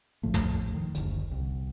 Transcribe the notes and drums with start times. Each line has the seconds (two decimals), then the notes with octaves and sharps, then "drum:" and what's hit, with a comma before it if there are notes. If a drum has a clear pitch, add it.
0.23 A#1 A2 F3 A3
0.34 drum: tom
0.74 D#3
0.95 F#1 D2, drum: hi-hat
1.31 C2